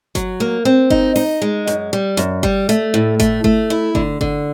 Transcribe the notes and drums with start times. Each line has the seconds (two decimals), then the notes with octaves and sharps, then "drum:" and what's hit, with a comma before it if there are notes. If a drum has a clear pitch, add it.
0.15 F#3, drum: kick G1, hi-hat
0.40 A#3
0.65 C4
0.90 D#4, drum: kick G1
1.16 D#4, drum: open hi-hat
1.42 G#3
1.67 F#2, drum: hi-hat
1.93 G3
2.17 F#2, drum: hi-hat
2.43 G3, drum: kick G1
2.69 A3, drum: hi-hat
2.94 A2
3.20 A3, drum: kick G1, hi-hat
3.44 A3, drum: kick G1
3.70 E4
3.95 D3, drum: kick G1
4.21 D3, drum: kick G1